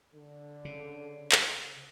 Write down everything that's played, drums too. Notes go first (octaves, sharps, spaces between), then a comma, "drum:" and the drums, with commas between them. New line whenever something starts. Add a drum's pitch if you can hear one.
D3
C#3
drum: clap